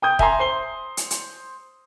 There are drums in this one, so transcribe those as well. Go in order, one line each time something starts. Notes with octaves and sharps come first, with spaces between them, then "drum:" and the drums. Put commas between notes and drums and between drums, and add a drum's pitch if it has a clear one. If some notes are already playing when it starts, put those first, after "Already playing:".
G5 D#6 G6
E5 G#5 A#5 C6, drum: kick E1
C5 C6 C7 G7
drum: hi-hat
drum: hi-hat